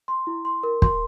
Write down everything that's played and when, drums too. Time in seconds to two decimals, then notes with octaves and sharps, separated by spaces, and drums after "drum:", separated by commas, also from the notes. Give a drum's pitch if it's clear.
0.08 C6
0.27 E4
0.45 C6
0.63 A#4
0.82 C6, drum: kick